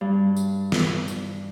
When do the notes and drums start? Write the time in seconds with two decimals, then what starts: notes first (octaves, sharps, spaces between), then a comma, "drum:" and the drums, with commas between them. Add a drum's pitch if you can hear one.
0.01 G2
0.37 drum: tambourine
0.72 drum: snare
1.08 drum: tambourine